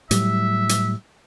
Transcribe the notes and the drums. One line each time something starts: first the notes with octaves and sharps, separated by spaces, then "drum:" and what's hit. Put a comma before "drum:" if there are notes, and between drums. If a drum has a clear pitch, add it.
A2 F#3 G3 E5, drum: hi-hat
drum: hi-hat